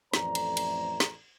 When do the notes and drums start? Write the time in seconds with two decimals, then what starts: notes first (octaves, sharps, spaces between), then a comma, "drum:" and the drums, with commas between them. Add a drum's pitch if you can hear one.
0.14 A1 F2 A3 C5 D5 A#5, drum: snare
0.35 drum: cymbal
0.57 drum: cymbal
1.00 drum: snare